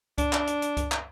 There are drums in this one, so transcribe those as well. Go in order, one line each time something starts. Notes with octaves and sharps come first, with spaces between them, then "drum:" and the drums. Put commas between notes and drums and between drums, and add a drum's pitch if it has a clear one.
D4, drum: kick C#2, hi-hat
drum: clap
drum: hi-hat
drum: hi-hat
drum: kick C#2, hi-hat
drum: clap